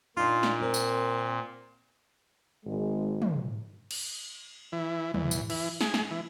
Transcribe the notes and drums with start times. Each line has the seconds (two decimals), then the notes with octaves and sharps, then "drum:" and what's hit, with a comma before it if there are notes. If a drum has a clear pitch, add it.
0.17 A#2 D4 D#4 F4
0.43 drum: snare
0.61 C4 A#4
0.74 drum: tambourine
2.66 G#1 G#3
3.22 drum: tom
3.91 drum: cymbal
4.72 E3
5.14 E2, drum: tom
5.31 drum: tambourine
5.50 E3, drum: cymbal
5.81 G#4, drum: snare
5.94 drum: snare
6.11 E3